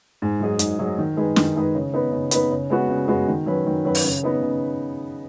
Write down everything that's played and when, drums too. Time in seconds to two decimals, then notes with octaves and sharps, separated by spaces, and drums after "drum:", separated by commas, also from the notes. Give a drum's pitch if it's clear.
0.22 G#2
0.40 F#3 D#4 G#4
0.59 G#2, drum: hi-hat
0.79 F#3 D#4 G#4
0.98 D#3
1.17 G#3 D#4 G#4 B4
1.36 D#3, drum: snare
1.56 G#3 D#4 G#4 B4
1.75 C#3
1.94 B3 D#4 B4
2.12 C#3
2.31 B3 D#4 B4, drum: hi-hat
2.51 C#3
2.70 G#3 B3 F#4
2.89 C#3
3.08 G#3 B3 F#4
3.28 D#3
3.46 F#3 C#4 B4
3.66 D#3
3.85 F#3 C#4 B4
3.95 drum: open hi-hat
4.04 C#3
4.23 B3 D#4 B4
4.43 C#3